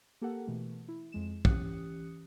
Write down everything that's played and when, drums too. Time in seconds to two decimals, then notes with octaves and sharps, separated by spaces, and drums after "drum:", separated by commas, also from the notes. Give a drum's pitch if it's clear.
0.22 A#3 G4 A4 A#4 F#5
0.47 B2 E3 A3
0.88 E4
1.12 F2 G#3 E7
1.45 E3 C#4 G4 D#6 F#6 C#7, drum: kick